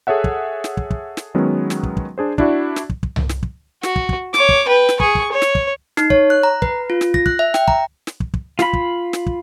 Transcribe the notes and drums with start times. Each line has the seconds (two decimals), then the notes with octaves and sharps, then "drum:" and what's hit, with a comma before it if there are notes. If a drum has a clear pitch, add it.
0.07 G#4 A4 C#5 E5 F#5
0.24 drum: kick
0.64 drum: snare
0.77 drum: kick
0.91 drum: kick
1.17 drum: snare
1.34 D#3 F#3 G#3 B3 C#4
1.70 drum: snare
1.83 drum: kick
1.97 drum: kick
2.18 D4 G#4 C5
2.38 D4 E4 F#4 D5, drum: kick
2.76 drum: snare
2.90 drum: kick
3.03 drum: kick
3.16 drum: tom C2
3.29 drum: snare
3.43 drum: kick
3.83 F#4, drum: snare
3.96 drum: kick
4.09 drum: kick
4.34 C#5 D6, drum: snare
4.49 drum: kick
4.67 B4 G5
4.89 drum: snare
5.00 G#4 C#6, drum: kick
5.15 drum: kick
5.32 C#5
5.42 drum: snare
5.55 drum: kick
5.97 D#4, drum: snare
6.10 C#5, drum: kick
6.30 F#6
6.43 A#5
6.62 B4, drum: kick
6.90 F4
7.01 drum: snare
7.14 A#6, drum: kick
7.26 F#6, drum: kick
7.39 E5
7.54 G5, drum: snare
7.68 A#5, drum: kick
8.07 drum: snare
8.20 drum: kick
8.34 drum: kick
8.59 F4 B5, drum: snare
8.73 drum: kick
9.13 drum: snare
9.26 drum: kick